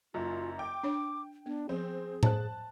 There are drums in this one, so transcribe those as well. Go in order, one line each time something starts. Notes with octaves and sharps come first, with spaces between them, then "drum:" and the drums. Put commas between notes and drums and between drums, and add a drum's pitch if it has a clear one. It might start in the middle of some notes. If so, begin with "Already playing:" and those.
F#1 F#2 F4
G5 D6
D4 C#5
B3 D4
F3 C4 G#4
C5 C#5 A5 F#6, drum: tom A2